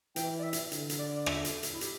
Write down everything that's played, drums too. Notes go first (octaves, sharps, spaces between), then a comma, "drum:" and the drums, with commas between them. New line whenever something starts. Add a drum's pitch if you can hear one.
E3 G5, drum: hi-hat
D5
E5
drum: hi-hat
D3, drum: hi-hat
drum: hi-hat
D5
D5
E5, drum: rim click
drum: hi-hat
drum: hi-hat
E4
G4, drum: hi-hat